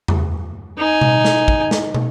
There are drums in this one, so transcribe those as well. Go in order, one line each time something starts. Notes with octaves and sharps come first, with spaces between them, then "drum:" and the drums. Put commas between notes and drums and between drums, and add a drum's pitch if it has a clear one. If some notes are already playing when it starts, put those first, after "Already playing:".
drum: tom E2
D#4 G#5
drum: tom B2
drum: snare
drum: kick
drum: snare
drum: tom